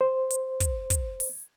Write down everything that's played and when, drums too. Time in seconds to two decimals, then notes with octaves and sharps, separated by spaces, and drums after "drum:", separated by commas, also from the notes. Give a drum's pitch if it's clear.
0.01 C5
0.30 drum: hi-hat
0.60 drum: kick, hi-hat
0.90 drum: kick, hi-hat
1.20 drum: open hi-hat